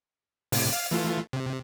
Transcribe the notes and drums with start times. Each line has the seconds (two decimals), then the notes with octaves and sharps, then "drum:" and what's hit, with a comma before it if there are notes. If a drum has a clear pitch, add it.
0.52 A2 C3, drum: open hi-hat
0.73 F5
0.91 E3 A3 F4
1.33 C3